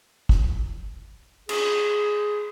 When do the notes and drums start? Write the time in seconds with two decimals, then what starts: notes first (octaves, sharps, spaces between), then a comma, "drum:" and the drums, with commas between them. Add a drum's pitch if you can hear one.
0.29 drum: kick
1.49 G#4, drum: cymbal